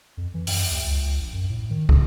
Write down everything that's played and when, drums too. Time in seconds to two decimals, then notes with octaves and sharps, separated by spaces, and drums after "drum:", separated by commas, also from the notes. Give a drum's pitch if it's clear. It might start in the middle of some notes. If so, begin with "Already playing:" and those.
0.17 F2
0.34 E3
0.47 F#2, drum: open hi-hat
0.71 D#2
0.83 C#2
1.20 A#1
1.33 F#2
1.50 A2
1.70 D#3
1.89 C#3, drum: kick